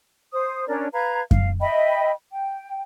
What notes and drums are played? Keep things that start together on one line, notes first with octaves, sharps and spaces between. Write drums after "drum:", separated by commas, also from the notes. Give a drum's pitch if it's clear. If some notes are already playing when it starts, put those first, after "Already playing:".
C5 D#6
C#4 D4 A#4 D5
B4 F5 A#5 G#6
F5, drum: kick F#2
D#5 E5 G5 B5
G5